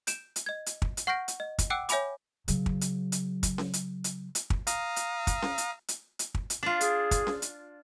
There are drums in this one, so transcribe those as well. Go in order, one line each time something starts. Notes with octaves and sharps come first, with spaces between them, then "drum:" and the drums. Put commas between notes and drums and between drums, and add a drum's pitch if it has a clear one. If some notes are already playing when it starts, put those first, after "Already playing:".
G6 D7 E7, drum: hi-hat
drum: hi-hat
D#5 G#6
drum: hi-hat
drum: kick
drum: hi-hat
F#5 C#6 F6 G6 A#6 D7
drum: hi-hat
D#5
drum: kick, hi-hat
F#5 G5 D6 E6 F#6 D7
C#5 E5 G#5 B5 D6, drum: hi-hat
C#3 F#3, drum: hi-hat
drum: kick
drum: hi-hat
drum: hi-hat
drum: kick, hi-hat
drum: snare C#4
drum: hi-hat
drum: hi-hat
drum: hi-hat
drum: kick
F5 A#5 D#6, drum: hi-hat
drum: hi-hat
drum: kick, hi-hat
drum: snare C#4
drum: hi-hat
drum: hi-hat
drum: hi-hat
drum: kick
drum: hi-hat
D4 F4
G#4, drum: hi-hat
drum: kick, hi-hat
drum: snare C#4
drum: hi-hat